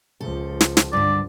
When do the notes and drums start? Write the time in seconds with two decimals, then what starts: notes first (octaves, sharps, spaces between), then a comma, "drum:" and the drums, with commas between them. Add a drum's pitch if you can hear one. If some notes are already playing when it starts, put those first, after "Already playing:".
0.21 C#2 F3 A4
0.61 drum: snare
0.77 drum: snare
0.93 G2 D3 D5